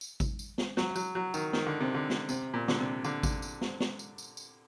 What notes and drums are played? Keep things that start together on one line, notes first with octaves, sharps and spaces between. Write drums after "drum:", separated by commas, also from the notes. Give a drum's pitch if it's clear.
drum: tambourine
drum: kick G#1, tambourine
drum: tambourine
drum: snare
F#3, drum: snare
F#3, drum: tambourine
F#3
D#3, drum: tambourine
D#3, drum: snare
D3
C3
D3
drum: snare
C3, drum: tambourine
A#2
D3, drum: snare
C3
D3, drum: tambourine
drum: kick G#1, tambourine
drum: tambourine
drum: snare
drum: snare
drum: tambourine
drum: tambourine
drum: tambourine